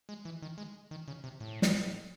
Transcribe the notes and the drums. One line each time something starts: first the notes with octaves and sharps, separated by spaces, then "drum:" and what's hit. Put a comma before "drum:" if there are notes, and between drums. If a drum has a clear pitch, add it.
G#3
E3
D#3
G#3
D#3
C#3
C3
A2
drum: snare